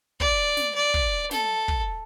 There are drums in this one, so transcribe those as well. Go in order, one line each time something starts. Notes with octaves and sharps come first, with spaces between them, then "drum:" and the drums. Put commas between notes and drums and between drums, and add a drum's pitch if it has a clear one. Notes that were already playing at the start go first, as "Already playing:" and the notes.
D5, drum: kick
drum: snare
D5
drum: kick
A4, drum: snare
drum: kick